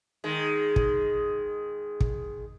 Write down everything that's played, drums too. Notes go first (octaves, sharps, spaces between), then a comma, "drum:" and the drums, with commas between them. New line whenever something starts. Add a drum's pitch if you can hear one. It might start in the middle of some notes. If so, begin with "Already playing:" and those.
D#3 G#3
drum: kick
drum: kick